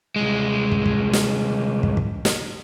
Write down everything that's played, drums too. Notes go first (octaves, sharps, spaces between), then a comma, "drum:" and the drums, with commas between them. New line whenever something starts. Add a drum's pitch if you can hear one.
C2 G#3
drum: kick
drum: kick
drum: snare
drum: kick
drum: kick
drum: snare